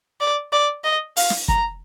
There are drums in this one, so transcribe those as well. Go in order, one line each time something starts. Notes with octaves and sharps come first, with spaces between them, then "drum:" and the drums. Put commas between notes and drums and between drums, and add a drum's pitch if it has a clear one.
D5
D5
D#5
F5, drum: open hi-hat
drum: snare
A#5, drum: kick